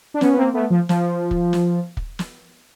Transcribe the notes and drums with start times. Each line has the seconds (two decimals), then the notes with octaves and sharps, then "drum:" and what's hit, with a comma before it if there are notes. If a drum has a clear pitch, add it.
0.14 D4
0.21 B3 C#4, drum: snare
0.33 B3
0.37 A#3 C4
0.54 A3 B3
0.70 F3
0.89 F3, drum: snare
1.31 drum: kick
1.53 drum: snare
1.97 drum: kick
2.19 drum: snare